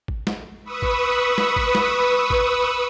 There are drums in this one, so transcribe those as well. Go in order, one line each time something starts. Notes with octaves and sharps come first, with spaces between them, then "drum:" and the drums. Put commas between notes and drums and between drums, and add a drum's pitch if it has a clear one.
drum: kick G#1
drum: snare
B4 B5 C#6 D#6 E6
drum: kick G#1
drum: snare
drum: kick G#1
drum: snare
drum: kick G#1